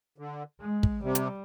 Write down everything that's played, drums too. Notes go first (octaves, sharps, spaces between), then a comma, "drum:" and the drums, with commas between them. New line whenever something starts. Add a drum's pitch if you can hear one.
D3
G#3
drum: kick
C3 G3
drum: hi-hat